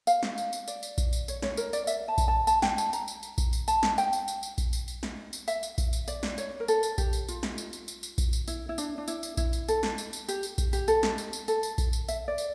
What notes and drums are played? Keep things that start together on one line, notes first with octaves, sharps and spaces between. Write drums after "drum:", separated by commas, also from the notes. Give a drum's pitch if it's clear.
F5, drum: tambourine
drum: snare
drum: tambourine
drum: tambourine
D5, drum: tambourine
drum: tambourine
drum: kick A#1, tambourine
drum: tambourine
C#5, drum: tambourine
C#5, drum: snare
A#4, drum: tambourine
D5, drum: tambourine
E5, drum: tambourine
A5
drum: kick A#1, tambourine
A5
A5, drum: tambourine
G5, drum: snare
A5, drum: tambourine
A#5, drum: tambourine
drum: tambourine
drum: tambourine
drum: kick A#1, tambourine
drum: tambourine
A5, drum: tambourine
drum: snare
G5, drum: tambourine
drum: tambourine
drum: tambourine
drum: tambourine
drum: kick A#1, tambourine
drum: tambourine
drum: tambourine
drum: snare
drum: tambourine
E5, drum: tambourine
drum: tambourine
drum: kick A#1, tambourine
drum: tambourine
D5, drum: tambourine
drum: snare
C#5, drum: tambourine
A#4
A4, drum: tambourine
drum: tambourine
G4, drum: kick A#1, tambourine
drum: tambourine
F4, drum: tambourine
drum: snare
drum: tambourine
drum: tambourine
drum: tambourine
drum: tambourine
drum: kick A#1, tambourine
drum: tambourine
E4, drum: tambourine
E4
D4, drum: tambourine
D4
E4, drum: tambourine
drum: tambourine
E4, drum: kick A#1, tambourine
drum: tambourine
A4, drum: tambourine
drum: snare
drum: tambourine
drum: tambourine
G4, drum: tambourine
drum: tambourine
drum: kick A#1, tambourine
G4, drum: tambourine
A4, drum: tambourine
drum: snare
drum: tambourine
drum: tambourine
A4, drum: tambourine
drum: tambourine
drum: kick A#1, tambourine
drum: tambourine
E5, drum: tambourine
D5
drum: tambourine